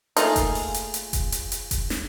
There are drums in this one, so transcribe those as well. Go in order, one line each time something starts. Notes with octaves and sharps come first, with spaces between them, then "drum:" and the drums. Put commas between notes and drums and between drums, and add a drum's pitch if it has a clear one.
A3 A#3 D#4 F4 G#4, drum: hi-hat
drum: kick F1, hi-hat
drum: open hi-hat
drum: hi-hat
drum: hi-hat
drum: kick F1, hi-hat
drum: hi-hat
drum: hi-hat
drum: kick F1, hi-hat
drum: snare